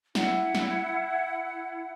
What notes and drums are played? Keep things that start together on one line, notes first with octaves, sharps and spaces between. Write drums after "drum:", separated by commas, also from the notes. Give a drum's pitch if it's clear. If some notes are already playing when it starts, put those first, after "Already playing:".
E4 F#5, drum: snare
drum: snare